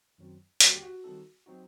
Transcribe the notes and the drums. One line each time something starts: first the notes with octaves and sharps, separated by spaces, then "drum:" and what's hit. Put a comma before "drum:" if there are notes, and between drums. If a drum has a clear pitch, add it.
F#2 D#3 F#3 C4
D#2 D3 G3 C4 F#4, drum: hi-hat
G4
F#4
D#3 G3 C4 D#4 A4
F#3 C4 D#4 F#4